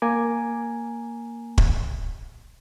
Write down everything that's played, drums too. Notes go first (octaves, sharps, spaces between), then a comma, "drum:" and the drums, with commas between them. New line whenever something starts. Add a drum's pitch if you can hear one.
A#3 G#5 A#5 D6
drum: kick